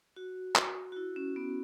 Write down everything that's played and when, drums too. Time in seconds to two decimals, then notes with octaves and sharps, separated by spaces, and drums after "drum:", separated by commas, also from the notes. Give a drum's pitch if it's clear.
0.16 F#4
0.56 drum: clap
0.92 F#4
0.96 E4
1.16 C#4
1.36 B3